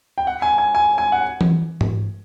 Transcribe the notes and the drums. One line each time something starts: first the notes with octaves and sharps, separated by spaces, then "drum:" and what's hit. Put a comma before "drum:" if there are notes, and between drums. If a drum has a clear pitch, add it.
G5
F#5
G#5
G#5
G#5
G#5
F#5
drum: tom E3
drum: tom G#2